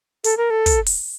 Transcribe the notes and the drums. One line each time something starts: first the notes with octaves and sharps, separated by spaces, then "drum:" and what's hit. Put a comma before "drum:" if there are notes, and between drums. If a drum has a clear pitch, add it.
A4, drum: hi-hat
A#4
A4
drum: kick, hi-hat
drum: open hi-hat